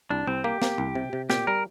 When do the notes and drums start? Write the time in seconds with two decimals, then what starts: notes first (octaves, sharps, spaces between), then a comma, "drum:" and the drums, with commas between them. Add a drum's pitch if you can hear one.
0.10 C2 D4
0.27 C2 C4
0.44 A#3 G4
0.62 A#3, drum: snare
0.78 C2
0.95 C3
1.13 C3
1.30 A#2 G4, drum: snare
1.47 G3 A#4